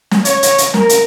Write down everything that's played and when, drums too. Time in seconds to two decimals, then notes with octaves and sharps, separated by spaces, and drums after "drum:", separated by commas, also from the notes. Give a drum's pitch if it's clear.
0.11 drum: snare
0.25 C#5, drum: hi-hat
0.43 drum: hi-hat
0.58 drum: hi-hat
0.74 A#4, drum: snare
0.89 drum: hi-hat